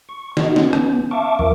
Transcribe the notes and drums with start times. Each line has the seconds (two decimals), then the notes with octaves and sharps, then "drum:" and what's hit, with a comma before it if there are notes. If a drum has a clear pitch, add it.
0.09 C#6
0.37 D#4 F#4 D#5, drum: snare
0.56 B3 C#4, drum: snare
0.73 drum: rim click
1.11 E5 F5 A5 C#6 D6
1.39 E2 F3 A#4 E5 D6